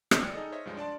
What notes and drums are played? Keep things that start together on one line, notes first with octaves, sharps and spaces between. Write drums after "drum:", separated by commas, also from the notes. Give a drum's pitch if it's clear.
drum: rim click
D2 D5 G5 F6 C#7
D#4 G#4 A4 D#5
C5 C#5 D#5 E5
C#2 G2 F3 G#3
D4 D5 A5 C6